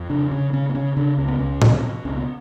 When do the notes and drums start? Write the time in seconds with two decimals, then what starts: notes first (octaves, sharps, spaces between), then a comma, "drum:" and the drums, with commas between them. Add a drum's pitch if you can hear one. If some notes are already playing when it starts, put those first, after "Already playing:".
Already playing: F2
0.10 C#3 D4
0.31 C#3 C#4
0.53 C#3 C#4
0.69 B3
0.75 C#3 C#4
0.97 C#3 D4
1.18 C#2 C#4
1.28 B3
1.39 C#2 C#4
1.62 B2, drum: tom A2
1.83 B2
2.05 C#2 C#4
2.17 B3